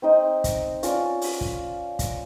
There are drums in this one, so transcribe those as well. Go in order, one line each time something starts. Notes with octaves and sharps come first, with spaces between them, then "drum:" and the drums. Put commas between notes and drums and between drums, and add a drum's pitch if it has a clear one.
C4 D#4 D#5
drum: kick, hi-hat
C#4 F4 D5, drum: hi-hat
drum: open hi-hat
drum: kick
drum: kick, hi-hat